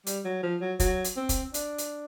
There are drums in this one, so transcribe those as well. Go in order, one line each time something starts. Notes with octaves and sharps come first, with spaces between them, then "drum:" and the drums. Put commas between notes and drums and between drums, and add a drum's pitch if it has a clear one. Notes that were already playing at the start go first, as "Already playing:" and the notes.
G3, drum: hi-hat
F#3
F3
F#3
F#3, drum: kick, hi-hat
drum: hi-hat
C4
drum: kick, hi-hat
D4, drum: hi-hat
drum: hi-hat